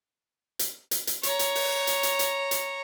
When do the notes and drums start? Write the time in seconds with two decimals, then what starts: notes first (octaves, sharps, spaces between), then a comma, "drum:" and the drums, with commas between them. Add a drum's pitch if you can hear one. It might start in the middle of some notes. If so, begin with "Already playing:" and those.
0.59 drum: hi-hat
0.91 drum: hi-hat
1.07 drum: hi-hat
1.23 C#5 A#5, drum: hi-hat
1.39 drum: hi-hat
1.55 drum: open hi-hat
1.87 drum: hi-hat
2.03 drum: hi-hat
2.19 drum: hi-hat
2.51 drum: hi-hat